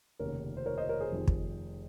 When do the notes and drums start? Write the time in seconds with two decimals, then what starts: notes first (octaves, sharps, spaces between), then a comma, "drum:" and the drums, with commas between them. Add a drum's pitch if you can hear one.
0.19 F1 D#2 C#3 A#4 C#5
0.57 C5
0.66 A#4 C#5
0.77 C5 D#5
0.89 A#4 C#5
1.00 G#4 C5
1.12 F1 F2 C3 D#3
1.27 drum: kick